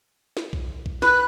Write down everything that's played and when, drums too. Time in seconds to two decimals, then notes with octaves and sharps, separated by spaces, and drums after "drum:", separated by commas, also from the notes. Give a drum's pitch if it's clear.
0.37 drum: snare
0.53 drum: kick B1
0.86 drum: kick B1
1.02 B4 F#6, drum: snare